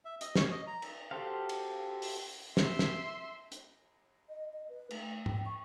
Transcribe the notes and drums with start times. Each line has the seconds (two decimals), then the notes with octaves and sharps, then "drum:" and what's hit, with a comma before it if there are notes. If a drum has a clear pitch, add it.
0.05 E5
0.21 D#5, drum: hi-hat
0.36 C#4, drum: snare
0.52 D#5
0.67 A#5
0.82 drum: cymbal
1.11 F#4 G4 A4 C5 F5
1.49 drum: cymbal
2.02 drum: open hi-hat
2.57 E5 C6, drum: snare
2.79 drum: snare
3.52 drum: hi-hat
4.29 D#5
4.53 D#5
4.69 B4
4.91 A3, drum: cymbal
5.26 G5, drum: tom G#2
5.45 C#6